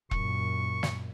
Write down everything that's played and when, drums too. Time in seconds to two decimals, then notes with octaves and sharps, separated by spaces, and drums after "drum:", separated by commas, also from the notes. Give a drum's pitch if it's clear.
0.11 F#2 A#2 C#6, drum: kick E1
0.83 drum: snare